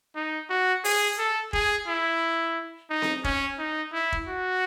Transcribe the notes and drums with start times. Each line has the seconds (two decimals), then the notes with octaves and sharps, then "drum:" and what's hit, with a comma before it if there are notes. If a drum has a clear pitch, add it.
0.15 D#4
0.50 F#4
0.84 G#4, drum: open hi-hat
1.19 A4
1.53 G#4, drum: kick F1
1.87 E4
2.90 D#4
3.02 drum: snare C4
3.24 C#4, drum: kick F1
3.59 D#4
3.93 E4
4.12 drum: kick F1
4.27 F#4